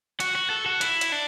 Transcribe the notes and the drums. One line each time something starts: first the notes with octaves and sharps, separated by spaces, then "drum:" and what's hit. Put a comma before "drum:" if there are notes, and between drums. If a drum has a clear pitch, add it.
F#4, drum: hi-hat
F#4
A4
F#4
E4, drum: hi-hat
drum: hi-hat
D4